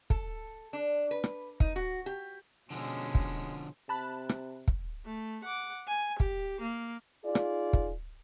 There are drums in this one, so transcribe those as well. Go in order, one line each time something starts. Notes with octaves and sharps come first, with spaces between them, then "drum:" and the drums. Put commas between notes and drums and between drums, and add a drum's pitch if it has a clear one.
A4, drum: kick
D4
B4
drum: rim click
D#4, drum: kick
F#4
G4
B2 D3 F3 G#3 C#4
drum: kick
C3 A5 B5 F#6
drum: rim click
drum: kick
A3
F#5 D6
G#5
G4, drum: kick
A#3
D#4 F4 G#4 D5
drum: rim click
drum: kick